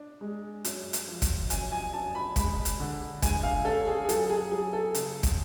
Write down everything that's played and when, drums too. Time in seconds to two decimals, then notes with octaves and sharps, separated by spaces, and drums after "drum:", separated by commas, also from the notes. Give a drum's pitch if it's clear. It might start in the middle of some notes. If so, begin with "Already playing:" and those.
Already playing: D4
0.21 G#3
0.65 F#2, drum: hi-hat
0.93 drum: hi-hat
1.08 F3
1.22 drum: kick, hi-hat
1.50 F#2 G#5, drum: hi-hat
1.72 G#5
1.93 F#2 A5
2.15 B5
2.36 G#3 B5, drum: kick, hi-hat
2.65 drum: hi-hat
2.80 D3
3.22 G#3 G#5, drum: kick, hi-hat
3.43 F5
3.65 C#4 A4
3.87 G#4
4.05 G#4
4.09 F#3 A4, drum: hi-hat
4.30 G#4
4.51 F#3 G#4
4.73 A4
4.95 C#3, drum: hi-hat
5.23 drum: kick, hi-hat